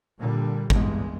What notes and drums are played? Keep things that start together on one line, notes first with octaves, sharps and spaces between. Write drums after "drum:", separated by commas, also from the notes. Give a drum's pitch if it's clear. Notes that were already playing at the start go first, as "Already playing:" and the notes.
A#2 D3 G3
E2 G2 G#3, drum: kick